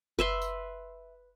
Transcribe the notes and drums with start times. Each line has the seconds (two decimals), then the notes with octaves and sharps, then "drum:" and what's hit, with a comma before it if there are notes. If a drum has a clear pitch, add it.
0.19 B4 E5 C6, drum: kick F#1
0.42 drum: tambourine